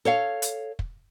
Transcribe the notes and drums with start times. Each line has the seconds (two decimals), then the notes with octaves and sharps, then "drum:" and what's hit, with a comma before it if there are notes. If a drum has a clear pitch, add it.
0.05 A4 C#5 F5
0.42 drum: hi-hat
0.79 drum: kick